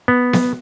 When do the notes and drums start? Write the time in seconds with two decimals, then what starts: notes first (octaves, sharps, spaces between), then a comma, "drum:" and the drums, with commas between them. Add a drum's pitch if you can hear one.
0.08 B3
0.33 drum: snare B3